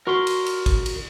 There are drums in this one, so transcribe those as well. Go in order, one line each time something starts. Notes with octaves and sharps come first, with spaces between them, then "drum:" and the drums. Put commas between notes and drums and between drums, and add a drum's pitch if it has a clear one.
F#4 A#4 C6 C#6
drum: cymbal
drum: cymbal
drum: kick, cymbal
drum: cymbal